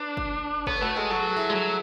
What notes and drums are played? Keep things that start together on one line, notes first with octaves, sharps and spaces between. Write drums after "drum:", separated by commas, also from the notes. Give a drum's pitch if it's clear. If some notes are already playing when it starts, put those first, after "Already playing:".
Already playing: D4 B4 D5
drum: kick
B3 A4 C#5, drum: kick
B4
A3 F#4 A4
G#3 F#4 A4
F#3 A4
G#4
F#4
E4 G#4
G#3
F#3